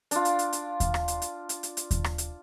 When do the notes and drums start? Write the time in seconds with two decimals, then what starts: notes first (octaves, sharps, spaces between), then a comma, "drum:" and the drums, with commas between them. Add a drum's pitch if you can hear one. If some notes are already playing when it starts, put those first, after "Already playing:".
0.11 D4 F4, drum: hi-hat
0.25 drum: hi-hat
0.39 drum: hi-hat
0.53 drum: hi-hat
0.80 drum: kick D#2, hi-hat
0.94 drum: rim click
1.08 drum: hi-hat
1.22 drum: hi-hat
1.49 drum: hi-hat
1.63 drum: hi-hat
1.77 drum: hi-hat
1.91 drum: kick D#2, hi-hat
2.04 drum: rim click
2.18 drum: hi-hat